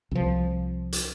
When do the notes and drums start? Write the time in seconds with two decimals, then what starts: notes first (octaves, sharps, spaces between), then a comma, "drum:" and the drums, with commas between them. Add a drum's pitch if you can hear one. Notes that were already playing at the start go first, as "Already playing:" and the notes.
0.11 C2 F3
0.92 drum: hi-hat